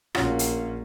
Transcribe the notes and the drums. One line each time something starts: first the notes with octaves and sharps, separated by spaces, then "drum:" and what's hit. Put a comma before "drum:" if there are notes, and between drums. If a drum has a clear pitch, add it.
A#1 A#3 C#4 F4 F#4, drum: rim click
drum: hi-hat